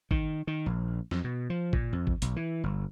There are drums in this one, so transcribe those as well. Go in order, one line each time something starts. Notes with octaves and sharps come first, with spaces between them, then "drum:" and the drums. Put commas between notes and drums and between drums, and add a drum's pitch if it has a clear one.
D#3, drum: kick G#1
D#3
A#1
F2, drum: snare F#3
B2
F3
A#2, drum: kick G#1
F2
drum: kick G#1
B1, drum: hi-hat
E3
G1